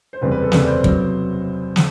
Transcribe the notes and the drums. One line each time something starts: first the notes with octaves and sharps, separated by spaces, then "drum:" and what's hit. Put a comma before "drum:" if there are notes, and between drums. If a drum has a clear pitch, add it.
C5
F#1 E2 C3 G3 C4 B4
B4
A4
F#1 E2 C3 G3 C4 B4, drum: snare
D5
C5
C3 F#3 B3, drum: kick
drum: snare